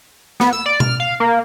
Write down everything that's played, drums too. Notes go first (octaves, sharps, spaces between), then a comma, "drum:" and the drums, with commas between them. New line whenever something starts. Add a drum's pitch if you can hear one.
B3, drum: snare
E6
D5
F6, drum: tom B2
F5
A#3